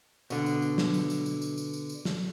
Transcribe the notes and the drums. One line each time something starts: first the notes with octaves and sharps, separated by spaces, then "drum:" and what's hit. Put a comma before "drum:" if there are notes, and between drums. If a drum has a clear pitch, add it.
B2 D3, drum: tambourine
drum: tambourine
drum: tambourine
drum: snare
drum: tambourine
drum: tambourine
drum: tambourine
drum: tambourine
drum: tambourine
drum: tambourine
drum: tambourine
drum: snare